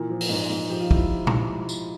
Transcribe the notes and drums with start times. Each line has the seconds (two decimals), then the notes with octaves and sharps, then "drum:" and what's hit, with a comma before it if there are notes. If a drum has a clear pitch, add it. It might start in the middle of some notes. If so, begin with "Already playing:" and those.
Already playing: A#2 E3 A#4
0.10 F3
0.21 drum: open hi-hat
0.30 G#2
0.50 G#2
0.70 F3 G4
0.80 F4
0.91 E4, drum: kick
1.27 drum: tom A#2
1.69 drum: tambourine